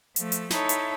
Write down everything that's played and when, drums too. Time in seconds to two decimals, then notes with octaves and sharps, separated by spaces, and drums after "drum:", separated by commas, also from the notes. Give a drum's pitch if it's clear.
0.16 F3 A3, drum: hi-hat
0.32 drum: hi-hat
0.50 D#4 E4 A4 C#5, drum: snare
0.69 drum: hi-hat